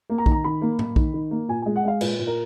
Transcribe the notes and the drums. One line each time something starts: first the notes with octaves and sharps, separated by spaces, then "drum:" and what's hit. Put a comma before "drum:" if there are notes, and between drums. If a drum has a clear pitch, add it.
A#3
A#5
D#3, drum: kick
A#5
D#3 B5
A#3
A#3, drum: tom A2
D#3, drum: kick
D#3
A#3
A#2 G#5
G#3 G#5
F#5
G#3 F5
A#2 B4, drum: cymbal
A#2
A#4